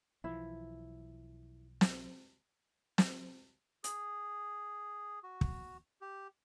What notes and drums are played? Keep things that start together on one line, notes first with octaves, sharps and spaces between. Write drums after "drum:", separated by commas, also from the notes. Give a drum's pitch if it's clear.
B1 E3 F3 E4
drum: snare
drum: snare
G#4, drum: hi-hat
F#4
drum: kick
G4